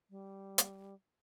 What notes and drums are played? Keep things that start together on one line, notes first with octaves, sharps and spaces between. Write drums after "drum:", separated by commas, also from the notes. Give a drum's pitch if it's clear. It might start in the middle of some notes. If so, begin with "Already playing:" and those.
G3
drum: hi-hat